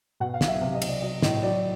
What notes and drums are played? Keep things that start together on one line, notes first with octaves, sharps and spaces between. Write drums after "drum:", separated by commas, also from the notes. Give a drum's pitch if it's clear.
B2 F#5
F5
B1, drum: snare
E5
C3 F5
D#5
C3, drum: cymbal
D5
F#3 D#5
A2 D#5, drum: snare
F#3 D5